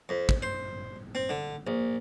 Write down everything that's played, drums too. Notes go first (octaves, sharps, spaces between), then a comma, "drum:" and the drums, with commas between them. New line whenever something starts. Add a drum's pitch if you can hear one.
F2
drum: kick
C5
C4
D3
A#1